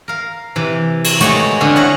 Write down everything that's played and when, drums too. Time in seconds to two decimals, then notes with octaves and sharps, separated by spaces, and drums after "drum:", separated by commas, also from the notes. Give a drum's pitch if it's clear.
0.08 A#4 F5
0.56 C3 E3
1.04 drum: cymbal
1.20 G#3 A3 F#4 G4 C#5 D#5, drum: hi-hat
1.60 D3 C4 C#4 G#4 B4
1.76 E4 C#5 F#5 A#5